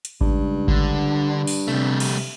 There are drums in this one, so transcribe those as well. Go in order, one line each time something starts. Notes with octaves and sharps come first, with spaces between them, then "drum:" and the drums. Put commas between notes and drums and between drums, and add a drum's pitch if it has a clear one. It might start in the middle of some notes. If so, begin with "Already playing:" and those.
drum: hi-hat
C#2 G2, drum: kick G#1
D3, drum: kick G#1
drum: open hi-hat
C3 G3 A3
drum: cymbal